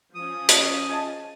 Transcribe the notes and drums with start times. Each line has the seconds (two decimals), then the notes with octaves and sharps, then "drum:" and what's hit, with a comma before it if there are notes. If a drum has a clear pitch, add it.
0.15 F3 C#4 D#6
0.49 A#4 D#5 A5, drum: hi-hat
0.90 G#4 D#5 A5